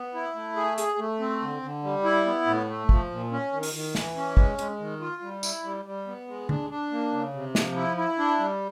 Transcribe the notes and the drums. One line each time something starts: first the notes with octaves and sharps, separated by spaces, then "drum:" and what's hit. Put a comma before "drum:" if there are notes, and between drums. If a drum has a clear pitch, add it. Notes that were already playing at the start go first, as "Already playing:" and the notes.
Already playing: B3
E4
A3
G#4
G#4, drum: hi-hat
A3
C4
D3
D3
G3
E4
B3
A2
A3
F3, drum: kick
A#2
C#4
D#3
drum: open hi-hat
D#3
E3, drum: snare
C#4
G#3, drum: kick
G#3, drum: hi-hat
D#3
F4
G3
E4, drum: tambourine
G3
G3
B3
G#3
D4, drum: tom
D4
A#3
C#3
C3
F3, drum: snare
E4
E4
D4
G3